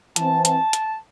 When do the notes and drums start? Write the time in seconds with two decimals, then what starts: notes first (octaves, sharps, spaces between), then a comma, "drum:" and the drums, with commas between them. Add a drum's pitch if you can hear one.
0.16 E3 C4 A5, drum: hi-hat
0.45 A5, drum: hi-hat
0.73 drum: hi-hat